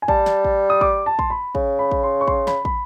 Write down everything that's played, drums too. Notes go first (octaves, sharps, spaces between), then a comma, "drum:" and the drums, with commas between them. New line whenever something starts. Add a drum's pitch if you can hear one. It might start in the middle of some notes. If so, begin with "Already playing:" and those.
G#5
G3 A5, drum: kick
drum: snare
drum: kick
D#6
D6, drum: kick
A5
C6, drum: kick
B5
C#3, drum: kick
B5
drum: kick
C6
C#6
C6, drum: kick
B5, drum: snare
B5, drum: kick